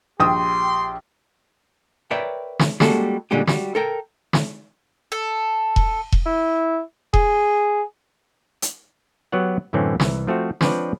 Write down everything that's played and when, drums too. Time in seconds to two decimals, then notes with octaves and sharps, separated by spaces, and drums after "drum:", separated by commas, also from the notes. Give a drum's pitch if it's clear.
0.20 A#1 G4 G5 C6 D#6
2.11 A#4 B4 C#5 D5 E5 G5
2.59 drum: snare
2.80 G3 G#3 A#3 C#4 F#4 A4, drum: snare
3.31 A#2 D3 G3 G#3 C#4 G4
3.47 G3 F#4, drum: snare
3.75 A4 A#4 G5
4.33 drum: snare
5.12 A4
5.76 drum: kick E1
6.12 drum: kick E1
6.26 E4
7.14 G#4, drum: kick E1
8.62 drum: hi-hat
9.32 F#3 B3 G4 C#5 F#5
9.73 F#2 A2 D3 E3 C4 C#4
10.00 C2 E3, drum: snare
10.27 F3 A3 C4 F#4
10.61 F3 C4 D4 B4 C#5 D5, drum: snare